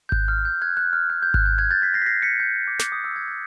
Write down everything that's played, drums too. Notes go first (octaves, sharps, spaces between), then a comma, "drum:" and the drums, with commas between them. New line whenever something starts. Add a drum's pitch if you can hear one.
G6
F#6, drum: kick G#1
F6
G6
F#6 G#6
F#6
F6
F#6
G6
F#6, drum: kick G#1
G6
F#6 G#6
G6 A6
A6 B6
A#6 C7
B6
A#6 C7
B6 C#7
G6
D6
D6, drum: snare
D#6
E6
F#6 G#6
G6 A6